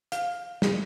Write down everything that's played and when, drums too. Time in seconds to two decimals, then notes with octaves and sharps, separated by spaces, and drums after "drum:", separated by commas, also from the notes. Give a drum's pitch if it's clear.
0.12 F5, drum: hi-hat
0.62 drum: snare